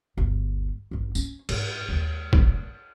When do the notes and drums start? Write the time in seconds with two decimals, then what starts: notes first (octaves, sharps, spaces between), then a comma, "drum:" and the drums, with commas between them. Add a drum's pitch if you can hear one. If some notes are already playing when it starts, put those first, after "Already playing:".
0.17 G1 D2
0.91 A1 G2
1.15 C#4, drum: tambourine
1.49 G#2, drum: cymbal
1.89 D#2 G#3
2.33 drum: kick